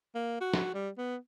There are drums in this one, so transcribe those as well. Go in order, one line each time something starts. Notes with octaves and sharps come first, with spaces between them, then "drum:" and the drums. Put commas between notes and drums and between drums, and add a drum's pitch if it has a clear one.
A#3
F#4
drum: snare
G3
B3